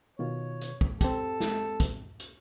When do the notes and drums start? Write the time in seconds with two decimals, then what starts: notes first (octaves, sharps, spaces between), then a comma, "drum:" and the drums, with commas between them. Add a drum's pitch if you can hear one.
0.19 B2 D#3 F4 C#5
0.61 drum: hi-hat
0.81 drum: kick
1.01 C4 G4 A4, drum: kick, hi-hat
1.40 drum: snare
1.80 drum: kick, hi-hat
2.20 drum: hi-hat